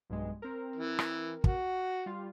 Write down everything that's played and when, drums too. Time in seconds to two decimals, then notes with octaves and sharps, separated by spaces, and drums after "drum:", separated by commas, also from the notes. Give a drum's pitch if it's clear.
0.10 B1 G2 G#3
0.42 C4 A#4
0.76 E3
0.99 drum: rim click
1.44 F#4, drum: kick
2.06 G3 F4